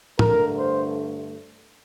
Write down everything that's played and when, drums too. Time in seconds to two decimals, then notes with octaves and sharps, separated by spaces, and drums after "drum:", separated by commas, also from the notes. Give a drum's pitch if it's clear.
0.19 G2 D3 A3 A#4, drum: tom
0.57 C5